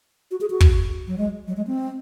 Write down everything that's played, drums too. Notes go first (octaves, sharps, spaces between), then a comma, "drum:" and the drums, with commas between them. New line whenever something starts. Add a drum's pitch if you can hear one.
F#4
G#4
F#4
drum: kick
F#3
G#3
F#3
G#3
C4